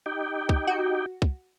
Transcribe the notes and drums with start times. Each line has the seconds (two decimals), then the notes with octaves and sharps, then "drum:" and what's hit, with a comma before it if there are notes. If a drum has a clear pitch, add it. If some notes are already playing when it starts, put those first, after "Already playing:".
0.06 D#4 G4 G5
0.49 drum: kick
0.67 F#4
1.22 drum: kick